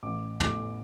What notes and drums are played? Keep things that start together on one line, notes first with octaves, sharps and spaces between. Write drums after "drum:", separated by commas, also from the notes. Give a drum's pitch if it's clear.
A1 D6
A2 D6, drum: tom